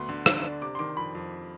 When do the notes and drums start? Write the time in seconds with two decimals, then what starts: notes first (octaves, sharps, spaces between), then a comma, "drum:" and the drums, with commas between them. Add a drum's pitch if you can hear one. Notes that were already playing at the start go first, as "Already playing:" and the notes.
Already playing: D2 B3 C6
0.09 D3
0.26 D3, drum: rim click
0.44 D4
0.61 C3 D6
0.75 C6
0.79 D#3 D6
0.97 F2 B5
1.15 F2